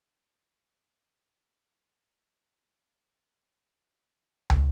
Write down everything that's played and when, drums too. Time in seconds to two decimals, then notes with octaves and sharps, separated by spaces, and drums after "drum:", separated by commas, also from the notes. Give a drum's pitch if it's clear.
0.19 C#7
1.08 C6
1.38 D2 F#6
2.24 B4
2.96 D#3 A3 B3 D4 G4 A#4
3.72 D#5 A5
4.50 drum: tom